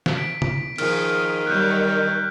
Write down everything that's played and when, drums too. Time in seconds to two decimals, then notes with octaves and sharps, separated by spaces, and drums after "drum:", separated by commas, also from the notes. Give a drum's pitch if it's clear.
0.06 drum: snare
0.17 B6 D7
0.42 drum: tom C#3
0.78 D#3 F3 G#4 F6, drum: cymbal
1.47 F#3 G3 F#6 G6